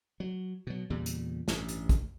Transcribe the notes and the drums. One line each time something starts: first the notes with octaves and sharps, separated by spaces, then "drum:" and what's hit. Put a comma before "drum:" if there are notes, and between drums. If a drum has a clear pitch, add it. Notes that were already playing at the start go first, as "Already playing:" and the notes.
F#3
B2 F#3
E2 A#2 C#3 G3
drum: hi-hat
A1 G2, drum: snare
drum: hi-hat
drum: kick, hi-hat